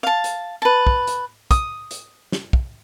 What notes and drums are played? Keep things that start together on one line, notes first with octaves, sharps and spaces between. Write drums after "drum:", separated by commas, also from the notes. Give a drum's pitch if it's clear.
F5 A5
drum: hi-hat
B4 A5
drum: kick
drum: hi-hat
D#6, drum: kick, hi-hat
drum: hi-hat
drum: snare
drum: kick